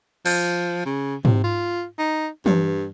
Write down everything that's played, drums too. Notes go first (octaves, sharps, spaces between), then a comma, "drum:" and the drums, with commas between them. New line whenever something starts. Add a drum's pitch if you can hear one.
F3, drum: cymbal
C#3
C3, drum: tom G#2
F4
D#4
G2, drum: tom E3